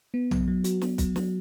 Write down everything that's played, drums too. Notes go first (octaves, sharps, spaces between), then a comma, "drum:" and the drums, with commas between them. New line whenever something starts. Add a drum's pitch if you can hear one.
B3
F#3, drum: tom
F#3
F#4, drum: hi-hat
B3, drum: snare
F#3, drum: kick, hi-hat
F#3, drum: snare